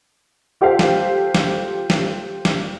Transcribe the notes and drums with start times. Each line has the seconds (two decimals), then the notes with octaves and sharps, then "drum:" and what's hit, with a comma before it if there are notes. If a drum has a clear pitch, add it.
0.61 F4 G4 A4 C5 F5
0.79 drum: snare
1.35 drum: snare
1.90 drum: snare
2.45 drum: snare